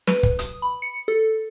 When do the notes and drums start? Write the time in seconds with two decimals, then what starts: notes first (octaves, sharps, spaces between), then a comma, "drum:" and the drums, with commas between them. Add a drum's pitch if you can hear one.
0.07 B4, drum: snare
0.23 drum: kick
0.39 D#6, drum: hi-hat
0.62 B5
0.82 C#7
1.08 A4